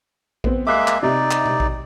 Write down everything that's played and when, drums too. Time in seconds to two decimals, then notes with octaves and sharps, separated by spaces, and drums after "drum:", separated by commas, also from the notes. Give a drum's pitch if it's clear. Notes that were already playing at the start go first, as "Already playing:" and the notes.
0.44 B3 C4, drum: kick A#1
0.67 G#3 A#3 E5 D6 F#6 C7
0.88 drum: clap
1.03 C3 D#4 D5
1.31 drum: clap
1.46 drum: tom B2
1.60 drum: kick A#1